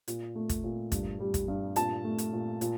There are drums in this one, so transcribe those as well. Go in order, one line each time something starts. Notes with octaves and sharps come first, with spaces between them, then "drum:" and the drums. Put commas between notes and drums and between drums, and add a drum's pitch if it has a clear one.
A#2, drum: hi-hat
A3
drum: kick, hi-hat
A#2
G2, drum: kick, hi-hat
G3
drum: kick, hi-hat
G2
A#2 A5, drum: hi-hat
A3
drum: hi-hat
A#2
A#2, drum: hi-hat